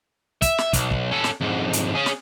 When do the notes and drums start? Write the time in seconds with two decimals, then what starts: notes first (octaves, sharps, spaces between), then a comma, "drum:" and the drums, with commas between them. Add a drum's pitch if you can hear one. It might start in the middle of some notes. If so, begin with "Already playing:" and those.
0.42 E5, drum: kick, hi-hat
0.58 drum: snare
0.73 B1, drum: kick, hi-hat
0.91 drum: kick
1.11 C#4 A4
1.24 drum: snare
1.41 F2 G#2
1.73 drum: hi-hat
1.95 C#4 G#4
2.06 drum: snare